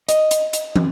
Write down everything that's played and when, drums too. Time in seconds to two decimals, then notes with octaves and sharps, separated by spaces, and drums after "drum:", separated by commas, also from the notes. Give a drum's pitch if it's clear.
0.09 D#5, drum: hi-hat
0.31 drum: hi-hat
0.53 drum: hi-hat
0.76 drum: tom